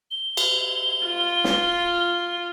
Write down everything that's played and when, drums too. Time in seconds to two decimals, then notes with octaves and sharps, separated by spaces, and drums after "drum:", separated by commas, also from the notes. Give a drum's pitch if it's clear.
0.11 G7
0.37 drum: cymbal
1.06 F4
1.44 drum: snare